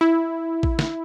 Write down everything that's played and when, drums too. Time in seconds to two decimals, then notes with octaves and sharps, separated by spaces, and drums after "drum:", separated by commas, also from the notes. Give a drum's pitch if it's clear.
0.01 E4
0.63 drum: kick A1
0.79 drum: snare